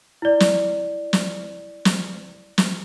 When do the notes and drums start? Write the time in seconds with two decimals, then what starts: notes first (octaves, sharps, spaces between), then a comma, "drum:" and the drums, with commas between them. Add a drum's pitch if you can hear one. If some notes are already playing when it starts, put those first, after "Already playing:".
0.22 E4 D5
0.40 drum: snare
1.13 drum: snare
1.85 drum: snare
2.58 drum: snare